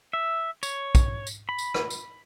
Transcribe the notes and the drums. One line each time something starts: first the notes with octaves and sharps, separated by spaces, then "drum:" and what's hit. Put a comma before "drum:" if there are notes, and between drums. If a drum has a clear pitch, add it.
E5
C#5, drum: tambourine
drum: kick, tambourine
drum: tambourine
B5
drum: tambourine
drum: rim click
drum: tambourine